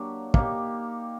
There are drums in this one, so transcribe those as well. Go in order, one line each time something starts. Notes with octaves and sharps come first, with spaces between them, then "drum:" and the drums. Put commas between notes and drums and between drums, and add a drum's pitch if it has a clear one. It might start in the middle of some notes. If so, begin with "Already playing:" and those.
Already playing: F#3 A#3 D4 G4
A#3 D#4 G4, drum: kick